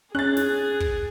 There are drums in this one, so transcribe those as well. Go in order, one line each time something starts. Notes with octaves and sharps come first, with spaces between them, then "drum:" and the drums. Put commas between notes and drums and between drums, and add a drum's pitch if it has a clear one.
C#4 G#4 F#6 A6
drum: snare
drum: kick